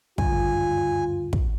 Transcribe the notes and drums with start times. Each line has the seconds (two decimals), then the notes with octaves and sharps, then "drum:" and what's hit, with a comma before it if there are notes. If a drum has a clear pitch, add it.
0.18 F#1 D2 G2 F4 G#5, drum: kick
1.33 drum: kick